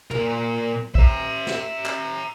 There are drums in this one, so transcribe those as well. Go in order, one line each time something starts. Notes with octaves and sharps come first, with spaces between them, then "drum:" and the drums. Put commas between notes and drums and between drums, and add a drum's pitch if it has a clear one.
A#2 A#4, drum: tom
E5 A#5, drum: kick
drum: snare
drum: clap